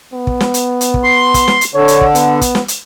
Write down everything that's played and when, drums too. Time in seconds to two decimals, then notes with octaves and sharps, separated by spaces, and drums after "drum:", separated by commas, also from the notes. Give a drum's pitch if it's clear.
0.14 B3
0.27 drum: kick
0.40 drum: snare
0.54 drum: hi-hat
0.81 drum: hi-hat
0.94 drum: kick
1.04 C6
1.34 drum: kick, hi-hat
1.48 drum: snare
1.61 drum: hi-hat
1.74 D3 C#5
1.88 drum: hi-hat
2.01 drum: kick
2.15 B3, drum: hi-hat
2.41 drum: kick, hi-hat
2.55 drum: snare
2.68 drum: hi-hat